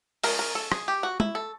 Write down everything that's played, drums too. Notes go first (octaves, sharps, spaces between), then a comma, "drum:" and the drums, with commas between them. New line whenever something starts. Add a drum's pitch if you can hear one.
F3 G#3 C#4 A#4, drum: open hi-hat
A#4
A4
G#4, drum: rim click
G4
F#4
E4, drum: tom
A4